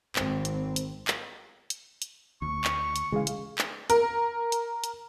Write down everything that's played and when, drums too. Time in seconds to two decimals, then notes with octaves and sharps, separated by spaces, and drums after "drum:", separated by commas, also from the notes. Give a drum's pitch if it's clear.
0.16 G#1 C4, drum: clap
0.45 drum: hi-hat
0.76 drum: hi-hat
1.08 drum: clap
1.70 drum: hi-hat
2.02 drum: hi-hat
2.42 D2 C#6
2.64 drum: clap
2.96 drum: hi-hat
3.12 C#3 E3 G#3 G#4 F5
3.27 drum: hi-hat
3.58 drum: clap
3.90 A#4, drum: hi-hat
4.52 drum: hi-hat
4.84 drum: hi-hat